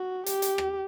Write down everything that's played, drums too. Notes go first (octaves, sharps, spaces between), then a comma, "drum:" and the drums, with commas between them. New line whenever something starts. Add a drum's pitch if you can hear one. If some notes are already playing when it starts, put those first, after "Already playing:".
Already playing: F#4
G4, drum: hi-hat
drum: hi-hat
drum: rim click